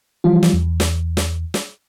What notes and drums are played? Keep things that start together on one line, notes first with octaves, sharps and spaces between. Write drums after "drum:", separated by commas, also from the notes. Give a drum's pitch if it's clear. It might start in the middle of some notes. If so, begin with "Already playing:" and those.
E3 F3 G3 F4
drum: snare
E2
drum: snare
drum: snare
drum: snare